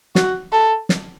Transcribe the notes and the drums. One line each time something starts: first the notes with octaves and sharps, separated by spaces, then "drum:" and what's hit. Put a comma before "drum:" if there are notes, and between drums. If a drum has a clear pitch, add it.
F#4, drum: snare
A4
drum: snare